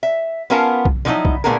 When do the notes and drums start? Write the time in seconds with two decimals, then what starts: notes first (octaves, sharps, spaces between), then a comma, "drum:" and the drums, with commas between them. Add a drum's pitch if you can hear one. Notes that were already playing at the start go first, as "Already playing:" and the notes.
0.03 E5
0.50 B3 C#4 F4 A#4 F5 A5
0.85 drum: kick B1
1.05 D3 F3 F#3 G#3 D#4 E4
1.25 drum: kick B1
1.44 A#2 D3 A3 B3 G#4 A#4